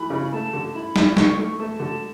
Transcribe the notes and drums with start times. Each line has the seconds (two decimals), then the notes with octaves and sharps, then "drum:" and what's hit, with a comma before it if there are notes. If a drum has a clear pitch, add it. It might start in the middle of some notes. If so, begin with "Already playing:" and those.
Already playing: E3 A3 B5
0.10 C#3
0.32 A3 A5
0.53 D3
0.74 E4 B5
0.96 E4, drum: snare
1.17 D3 C#6, drum: snare
1.38 A3 C#6
1.59 A3 A5
1.80 D3 A5